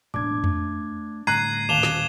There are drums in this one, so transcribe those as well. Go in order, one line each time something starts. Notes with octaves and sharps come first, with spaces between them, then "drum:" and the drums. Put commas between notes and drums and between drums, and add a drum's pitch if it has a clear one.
E1 A2 D4 D6 G#6
A3, drum: tom E2
A2 D3 G3 A#5 F#6 G#6 C7 D#7
D#1 F5 A5 D6 E7 F7 G7
drum: snare